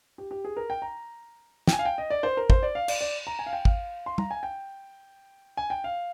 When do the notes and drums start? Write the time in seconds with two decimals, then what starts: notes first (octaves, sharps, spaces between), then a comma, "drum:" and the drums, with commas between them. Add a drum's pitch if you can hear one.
0.18 G4
0.31 G4
0.45 G#4
0.57 A#4
0.70 G5
0.82 A#5
1.68 G5, drum: snare
1.73 G#5
1.79 F5
1.85 G5
1.98 D#5
2.10 D5
2.23 C5
2.37 A#4
2.50 C5, drum: kick
2.63 D5
2.75 F5
2.88 D5, drum: cymbal
3.01 D5
3.27 A#5
3.39 G#5
3.46 F5
3.53 G5
3.65 F5, drum: kick
4.06 C6
4.18 A#5, drum: tom
4.31 G#5
4.43 G5
5.57 G#5
5.70 G5
5.84 F5